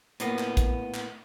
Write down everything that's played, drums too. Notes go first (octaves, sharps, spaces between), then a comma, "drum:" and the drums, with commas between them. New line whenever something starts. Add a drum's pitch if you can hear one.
A2 A#3 B3, drum: hi-hat
drum: clap
drum: kick, hi-hat
drum: clap